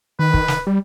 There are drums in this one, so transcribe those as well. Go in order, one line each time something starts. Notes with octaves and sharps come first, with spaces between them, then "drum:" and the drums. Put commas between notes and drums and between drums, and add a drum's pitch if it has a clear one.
D#3 B4
drum: kick
drum: snare
G3